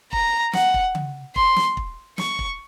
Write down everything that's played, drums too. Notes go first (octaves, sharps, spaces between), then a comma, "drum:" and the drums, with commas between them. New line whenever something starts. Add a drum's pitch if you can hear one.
A#5, drum: kick
F#5, drum: snare
drum: kick
drum: tom C#3
C6, drum: kick
drum: snare
drum: kick
C#6, drum: snare
drum: kick